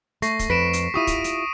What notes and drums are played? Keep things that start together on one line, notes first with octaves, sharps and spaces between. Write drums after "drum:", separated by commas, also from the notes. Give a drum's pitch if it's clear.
A3 C#6 A#6 C7, drum: hi-hat
drum: kick, hi-hat
F2 B4 B6 D7 E7
drum: hi-hat
E4 F4 G4 C#6 D#6 D#7
drum: kick, hi-hat
drum: hi-hat